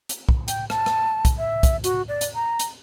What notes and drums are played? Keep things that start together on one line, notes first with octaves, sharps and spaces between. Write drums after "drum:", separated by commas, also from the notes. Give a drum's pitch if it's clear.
drum: hi-hat
drum: kick
G5, drum: hi-hat
A5, drum: rim click
drum: rim click
drum: kick, hi-hat
E5
drum: kick, hi-hat
F#4, drum: hi-hat
D5
drum: hi-hat
A#5
drum: hi-hat